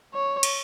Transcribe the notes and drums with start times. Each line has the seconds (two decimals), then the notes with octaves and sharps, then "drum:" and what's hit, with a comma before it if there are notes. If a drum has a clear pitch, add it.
0.14 C#5
0.43 drum: cymbal